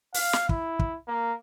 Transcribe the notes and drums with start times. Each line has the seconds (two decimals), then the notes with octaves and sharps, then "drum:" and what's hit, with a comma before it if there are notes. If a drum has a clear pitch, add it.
0.15 F5, drum: open hi-hat
0.33 drum: snare
0.49 E4, drum: kick
0.79 drum: kick
1.08 A#3